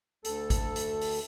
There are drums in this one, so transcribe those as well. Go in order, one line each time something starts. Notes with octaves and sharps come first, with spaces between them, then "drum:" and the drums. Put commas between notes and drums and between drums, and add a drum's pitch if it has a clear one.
D2 A4, drum: hi-hat
drum: kick, hi-hat
drum: hi-hat
drum: open hi-hat